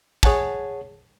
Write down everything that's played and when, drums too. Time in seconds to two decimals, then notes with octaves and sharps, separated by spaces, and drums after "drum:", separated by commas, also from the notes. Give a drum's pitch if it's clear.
0.23 G#4 C#5 F#5 G#5 A5, drum: kick